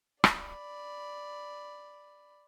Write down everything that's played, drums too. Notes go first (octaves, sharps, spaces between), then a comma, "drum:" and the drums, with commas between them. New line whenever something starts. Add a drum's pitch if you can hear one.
D5 B5, drum: rim click